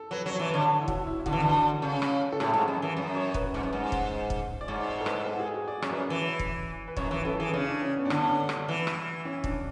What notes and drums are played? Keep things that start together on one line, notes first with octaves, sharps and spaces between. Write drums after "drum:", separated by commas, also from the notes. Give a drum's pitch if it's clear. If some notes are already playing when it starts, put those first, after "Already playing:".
Already playing: A4
F#3 B4
F#3 C#5
E3 D5
C#5
D3
C#5
E4
F#4, drum: kick
E4
E4
D3 F#4, drum: kick
E3
D3
C#3
drum: rim click
A4
A2 G#4, drum: rim click
G#2
F#2
E3
F#2
C#5
B4, drum: kick
G#2
F#2
G#2
drum: kick
drum: kick
D5
G#2 C#5
C#5
A4
B4, drum: rim click
A4
G#4
F#4
D5
F#2 C#5, drum: rim click
B4
C#5
E3
drum: kick
B4
F#2 C#5, drum: kick
E3 B4
F#2 A4
E3 G#4
C#3 D4
D4
C#4
B3
D4
D3 C#4, drum: rim click
drum: rim click
E3
drum: rim click
C#4
D4, drum: kick